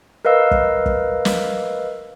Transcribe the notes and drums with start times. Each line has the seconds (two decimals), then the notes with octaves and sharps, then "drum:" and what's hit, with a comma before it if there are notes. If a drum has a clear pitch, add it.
0.25 A#4 B4 D#5 F5 E6
0.51 drum: kick
0.86 drum: kick
1.25 drum: snare